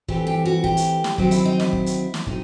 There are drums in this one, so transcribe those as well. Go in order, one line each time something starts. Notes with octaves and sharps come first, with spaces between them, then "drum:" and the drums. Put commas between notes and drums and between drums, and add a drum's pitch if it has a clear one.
E3 A3 C4 G4, drum: kick
G4
F#4
G4, drum: kick
drum: hi-hat
drum: snare
D#3 F#3 C4 G4, drum: kick
E4, drum: hi-hat
D#4
E4, drum: snare
drum: kick
drum: hi-hat
drum: snare
C3 F#3 D#4, drum: kick